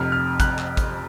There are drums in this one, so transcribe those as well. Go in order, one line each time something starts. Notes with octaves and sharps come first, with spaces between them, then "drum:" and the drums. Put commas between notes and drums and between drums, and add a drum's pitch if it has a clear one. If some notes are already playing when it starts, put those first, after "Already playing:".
Already playing: F1 F2 C3 F6
F6
F#6, drum: kick A1, hi-hat
drum: clap
drum: kick A1, hi-hat